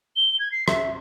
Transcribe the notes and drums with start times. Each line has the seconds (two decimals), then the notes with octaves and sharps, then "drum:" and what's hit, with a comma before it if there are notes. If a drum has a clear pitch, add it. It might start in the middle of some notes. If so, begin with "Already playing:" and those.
0.16 G7
0.40 G#6
0.52 C7
0.68 E5, drum: rim click